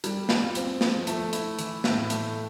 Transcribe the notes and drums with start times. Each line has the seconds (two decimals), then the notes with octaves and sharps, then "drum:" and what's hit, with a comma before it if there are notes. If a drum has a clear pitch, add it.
0.04 G3, drum: hi-hat
0.29 F4, drum: snare
0.55 C4, drum: hi-hat
0.81 F3, drum: snare
1.07 A3, drum: hi-hat
1.33 E4, drum: hi-hat
1.59 E3, drum: hi-hat
1.84 A2, drum: snare
2.10 A3, drum: hi-hat